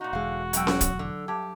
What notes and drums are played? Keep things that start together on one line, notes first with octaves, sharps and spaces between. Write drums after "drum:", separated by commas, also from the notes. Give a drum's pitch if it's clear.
A#2 D#4 F#4
E1 D3 G#3 F5
F#2 B2 F#3 G5 E6, drum: hi-hat
drum: snare C#4
drum: kick, hi-hat
D3
G2 G4 A5 D6 G#6